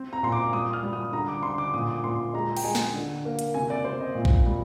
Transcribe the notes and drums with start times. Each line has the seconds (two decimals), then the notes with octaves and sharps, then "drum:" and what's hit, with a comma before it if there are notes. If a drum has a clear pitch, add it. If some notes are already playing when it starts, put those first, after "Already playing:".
Already playing: C4
0.13 A#5
0.23 A#2 C6
0.32 D6
0.52 G3 D#6
0.73 F6
0.83 G3
0.93 D#6
1.12 D3 A#5
1.28 D6
1.43 D3 C6
1.58 D6
1.74 A#2 D#6
1.88 D6
2.04 A#2 C6
2.34 G#3 A#5
2.57 G5, drum: cymbal
2.64 G#3 G#5
2.75 drum: snare
2.94 D3
3.25 A#3
3.39 drum: hi-hat
3.54 C3 G#5
3.70 D5
3.85 C3 C5
4.00 D#5
4.15 A#2
4.25 drum: kick A#1
4.46 G3